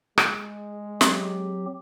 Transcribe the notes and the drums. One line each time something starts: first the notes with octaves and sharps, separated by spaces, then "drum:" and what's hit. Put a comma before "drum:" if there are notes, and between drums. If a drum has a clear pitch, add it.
G#3, drum: rim click
F#3 C4 G4, drum: snare